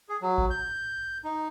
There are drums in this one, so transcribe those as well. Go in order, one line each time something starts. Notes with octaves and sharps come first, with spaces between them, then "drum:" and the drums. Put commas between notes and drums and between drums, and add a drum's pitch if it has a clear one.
G#4
F#3
drum: kick G#1
G6
D#4